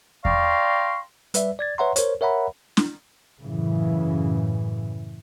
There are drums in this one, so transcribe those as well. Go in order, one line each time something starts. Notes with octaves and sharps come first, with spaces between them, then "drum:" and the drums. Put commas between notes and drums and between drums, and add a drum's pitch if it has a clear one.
D5 F5 G5 A#5 C6 C#6, drum: kick E2
G3 B4 D5 E5, drum: hi-hat
D5 G#6 A6
B4 C#5 E5 F#5 A#5 C6
A#4 C5 C#5, drum: hi-hat
A#4 C#5 E5 F#5 A#5 B5
drum: snare
F#2 A2 C#3 E3